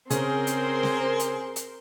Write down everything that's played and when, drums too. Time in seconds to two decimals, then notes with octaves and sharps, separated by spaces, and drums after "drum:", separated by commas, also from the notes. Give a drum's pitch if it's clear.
0.10 C#3 C4 C#4 G#4 A#4 C5 C6, drum: hi-hat
0.47 drum: hi-hat
0.83 drum: snare
1.19 drum: hi-hat
1.56 drum: hi-hat